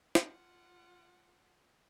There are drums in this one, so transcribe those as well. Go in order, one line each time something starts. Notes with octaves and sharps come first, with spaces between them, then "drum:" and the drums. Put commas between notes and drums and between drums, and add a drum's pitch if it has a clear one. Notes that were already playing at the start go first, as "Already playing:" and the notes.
F4 F#5, drum: snare